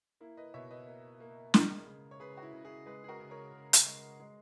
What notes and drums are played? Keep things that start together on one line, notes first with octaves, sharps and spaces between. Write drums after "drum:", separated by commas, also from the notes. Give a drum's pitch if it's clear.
A#3 E4
B4 D#5
B2 C#5 E5
B4 D#5
A#3
A#3
G#3, drum: snare
C#3
C#5
C#3 G#4 B4
F#4
E4
C#3
E4 G#4
G#3 G#4 B4
G#4
F#4 A#4
C#3
A#4 C#5
C#3
drum: hi-hat
G#3
G#3